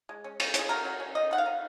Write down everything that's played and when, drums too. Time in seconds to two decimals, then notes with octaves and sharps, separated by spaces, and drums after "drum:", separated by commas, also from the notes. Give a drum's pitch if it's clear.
0.09 G#3
0.24 C#4
0.40 C#4, drum: cymbal
0.54 C#4, drum: hi-hat
0.59 G#4
0.69 F#3 A#4
0.85 F#3
1.00 C#4
1.15 D#3 D#5
1.31 D#3 F#5
1.38 F5
1.46 D#4